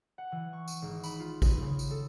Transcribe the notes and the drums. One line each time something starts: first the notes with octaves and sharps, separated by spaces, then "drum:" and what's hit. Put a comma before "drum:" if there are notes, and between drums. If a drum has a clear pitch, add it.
F#5
E3
C#6
drum: tambourine
G#1
B5, drum: tambourine
F4
D#6, drum: kick G#1, tambourine
C#3
drum: tambourine
A4